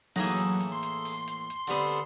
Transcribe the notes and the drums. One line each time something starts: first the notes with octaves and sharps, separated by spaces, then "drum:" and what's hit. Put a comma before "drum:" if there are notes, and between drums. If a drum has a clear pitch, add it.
A2 E3 F#3 A#3 D#4 G#4 A4, drum: open hi-hat
drum: hi-hat
drum: hi-hat
C6
drum: hi-hat
drum: open hi-hat
drum: hi-hat
drum: hi-hat
D3 G3 B3 C4 A4